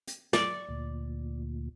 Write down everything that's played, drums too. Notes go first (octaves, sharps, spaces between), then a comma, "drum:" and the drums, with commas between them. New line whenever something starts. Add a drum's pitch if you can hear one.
drum: hi-hat
D5 C#6, drum: snare
D2 A#2